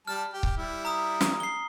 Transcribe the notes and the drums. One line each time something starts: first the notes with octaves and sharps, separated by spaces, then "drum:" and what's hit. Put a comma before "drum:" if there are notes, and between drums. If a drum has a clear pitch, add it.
G3 A5 F6
G4
drum: kick C#1
G3 E4
A#5 D#6
drum: snare
C7 G7